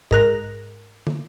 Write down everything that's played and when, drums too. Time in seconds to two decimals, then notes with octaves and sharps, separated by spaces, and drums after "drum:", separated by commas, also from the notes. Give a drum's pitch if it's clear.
0.11 G#2 A#4 F#6, drum: kick
1.07 drum: tom